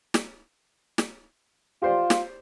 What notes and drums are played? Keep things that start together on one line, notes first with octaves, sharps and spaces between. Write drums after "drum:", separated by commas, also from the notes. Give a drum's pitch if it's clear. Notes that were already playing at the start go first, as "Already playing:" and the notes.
drum: snare
drum: snare
F4 G4 C5 D5
drum: snare